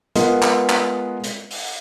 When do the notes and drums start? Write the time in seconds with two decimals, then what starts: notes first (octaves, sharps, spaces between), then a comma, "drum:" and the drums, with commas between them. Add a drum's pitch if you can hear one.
0.16 G#3 B3 F4 A#4 B4 D#5, drum: hi-hat
0.43 drum: clap
0.70 drum: clap
1.24 drum: hi-hat
1.51 drum: open hi-hat